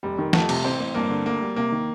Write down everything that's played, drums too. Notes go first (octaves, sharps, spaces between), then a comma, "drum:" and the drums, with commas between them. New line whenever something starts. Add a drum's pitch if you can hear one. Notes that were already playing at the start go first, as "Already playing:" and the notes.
F1 G3
D#3
F2 A3, drum: snare
C3, drum: cymbal
A1 C4
A1
G2 A#3
D3
D2 A#3
G3
C3 A#3
D#3